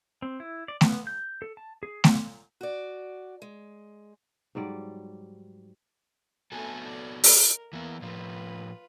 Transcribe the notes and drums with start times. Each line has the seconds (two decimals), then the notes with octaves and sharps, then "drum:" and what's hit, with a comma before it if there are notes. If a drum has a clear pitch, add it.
0.22 C4
0.40 E4
0.68 D5
0.81 B3, drum: snare A3
1.07 G6
1.42 A4
1.57 A5
1.83 G#4
2.04 F#3, drum: snare A3
2.61 F#4 D5
3.42 G#3
4.55 G#2 F#3 G3 D5
6.52 A3 B3 F#4 A4 G#5
6.86 D5
7.24 A#4, drum: open hi-hat
7.73 E3 A#3 B3
8.02 A2 F3 F4 B4